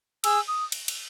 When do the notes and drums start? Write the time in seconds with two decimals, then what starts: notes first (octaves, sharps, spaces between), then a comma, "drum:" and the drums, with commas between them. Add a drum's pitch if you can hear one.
0.24 G#4 E6, drum: cymbal
0.48 D#6
0.72 drum: cymbal
0.88 drum: cymbal